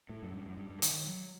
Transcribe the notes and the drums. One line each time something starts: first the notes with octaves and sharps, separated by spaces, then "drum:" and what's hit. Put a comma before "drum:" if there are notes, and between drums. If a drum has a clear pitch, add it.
A2
F#2
G2
F#2
G2
G2
D#3, drum: hi-hat
F#3